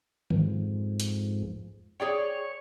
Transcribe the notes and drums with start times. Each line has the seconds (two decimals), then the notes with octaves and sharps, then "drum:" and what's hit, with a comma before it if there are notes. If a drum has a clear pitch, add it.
0.30 F2 G#2, drum: tom D3
1.00 drum: hi-hat
2.00 G#4 C#5 D5 G5